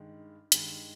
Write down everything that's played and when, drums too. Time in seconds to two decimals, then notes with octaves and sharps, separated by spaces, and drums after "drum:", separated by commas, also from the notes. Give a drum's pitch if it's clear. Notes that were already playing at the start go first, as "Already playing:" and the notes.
Already playing: G2 D#3 G#3
0.52 G2 D#3 G#3, drum: hi-hat